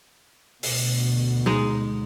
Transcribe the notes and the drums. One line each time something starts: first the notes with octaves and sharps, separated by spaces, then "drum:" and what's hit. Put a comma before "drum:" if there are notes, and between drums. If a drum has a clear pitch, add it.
D2 B2, drum: open hi-hat
G#3 D#4